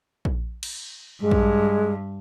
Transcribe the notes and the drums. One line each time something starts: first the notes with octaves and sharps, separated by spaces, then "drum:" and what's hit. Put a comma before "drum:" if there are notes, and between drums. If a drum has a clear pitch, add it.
drum: kick A#1
drum: cymbal
G2 G#3
drum: kick A#1